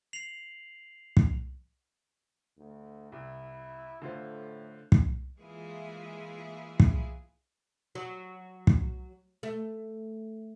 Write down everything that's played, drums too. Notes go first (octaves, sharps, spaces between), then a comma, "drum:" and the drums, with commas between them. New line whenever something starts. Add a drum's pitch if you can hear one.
C7 F7 F#7
drum: kick
D2
C2 E4
A2 D3 F4 C5
drum: kick
E3 G#3 A#3 E4 F4 G#4
drum: kick
F#3
drum: kick
A3